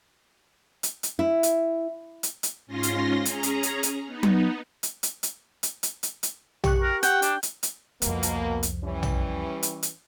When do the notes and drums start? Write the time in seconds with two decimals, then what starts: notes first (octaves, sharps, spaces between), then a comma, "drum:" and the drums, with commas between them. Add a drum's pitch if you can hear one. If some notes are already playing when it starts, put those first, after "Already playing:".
0.83 drum: hi-hat
1.03 drum: hi-hat
1.19 E4
1.43 drum: hi-hat
2.23 drum: hi-hat
2.43 drum: hi-hat
2.67 G#2 C#4 F4 C6 A#6
2.83 drum: hi-hat
3.25 C#4 G#4 A#5, drum: hi-hat
3.43 drum: hi-hat
3.63 drum: hi-hat
3.83 drum: hi-hat
4.07 B3 D#4
4.23 drum: tom F#3
4.83 drum: hi-hat
5.03 drum: hi-hat
5.23 drum: hi-hat
5.63 drum: hi-hat
5.83 drum: hi-hat
6.03 drum: hi-hat
6.23 drum: hi-hat
6.64 G4 C#6 F#6, drum: tom
6.82 A#4
7.03 F#5 G5, drum: hi-hat
7.22 D4, drum: hi-hat
7.43 drum: hi-hat
7.63 drum: hi-hat
8.02 C2 F2 B2 A#3, drum: hi-hat
8.23 drum: hi-hat
8.63 drum: hi-hat
8.83 E3 G3 C#4
9.03 drum: tom
9.63 drum: hi-hat
9.83 drum: hi-hat